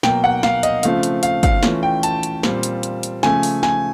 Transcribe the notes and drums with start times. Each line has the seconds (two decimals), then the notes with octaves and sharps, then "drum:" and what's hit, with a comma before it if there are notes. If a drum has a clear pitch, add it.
0.03 B2 F#3 A#3 G5, drum: snare
0.24 F#5
0.43 F5, drum: snare
0.63 D#5, drum: hi-hat
0.83 C#3 F3 A3 C4 F4 F5, drum: hi-hat
1.03 drum: hi-hat
1.23 F5, drum: hi-hat
1.43 F5, drum: kick, hi-hat
1.63 E3 A3 C#4 F4, drum: snare
1.83 G5
2.03 A5, drum: hi-hat
2.23 drum: hi-hat
2.43 A#2 G3 C4 F4, drum: snare
2.63 drum: hi-hat
2.83 drum: hi-hat
3.03 drum: hi-hat
3.23 C#3 F3 A3 G#5, drum: snare
3.43 drum: open hi-hat
3.63 G#5, drum: snare